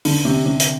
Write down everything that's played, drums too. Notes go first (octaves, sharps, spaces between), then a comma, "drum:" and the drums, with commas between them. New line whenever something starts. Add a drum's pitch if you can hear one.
D3, drum: open hi-hat
C3
C3
drum: hi-hat